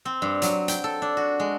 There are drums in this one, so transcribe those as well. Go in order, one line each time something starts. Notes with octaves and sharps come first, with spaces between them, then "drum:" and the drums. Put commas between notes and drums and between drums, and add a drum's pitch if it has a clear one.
C4
G2
F#3, drum: hi-hat
G5, drum: hi-hat
A4
D4
F#4
G#3